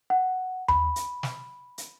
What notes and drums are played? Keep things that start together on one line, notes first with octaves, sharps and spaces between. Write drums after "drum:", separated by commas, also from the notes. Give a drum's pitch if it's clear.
F#5
B5, drum: tom D#2
drum: hi-hat
drum: snare
drum: hi-hat